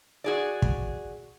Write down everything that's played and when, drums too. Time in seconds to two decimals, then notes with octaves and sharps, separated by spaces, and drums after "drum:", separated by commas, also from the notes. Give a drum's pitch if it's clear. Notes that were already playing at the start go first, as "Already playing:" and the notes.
0.24 F#4 G#4 D5
0.62 drum: kick